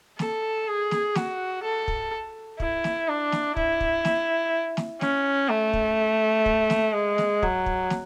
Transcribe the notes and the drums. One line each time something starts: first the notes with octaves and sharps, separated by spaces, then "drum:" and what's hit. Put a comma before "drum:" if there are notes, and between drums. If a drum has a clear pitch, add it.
A4, drum: snare
G#4
drum: snare
F#4, drum: snare
A4
drum: kick
E4, drum: kick
drum: snare
D4
drum: snare
E4, drum: kick
drum: kick
drum: snare
drum: snare
C#4, drum: snare
A3
drum: kick
drum: kick
drum: snare
G#3
drum: snare
F#3, drum: kick
drum: kick
drum: snare